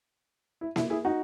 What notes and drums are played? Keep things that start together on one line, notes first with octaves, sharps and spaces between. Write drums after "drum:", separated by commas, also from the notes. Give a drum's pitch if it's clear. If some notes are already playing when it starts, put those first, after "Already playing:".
E4
E4, drum: snare A#3
E4 G#4
D#4 F#4